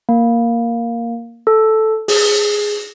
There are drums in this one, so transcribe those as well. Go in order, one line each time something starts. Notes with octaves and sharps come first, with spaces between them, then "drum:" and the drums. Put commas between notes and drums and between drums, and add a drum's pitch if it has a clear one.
A#3
A4
G#4, drum: open hi-hat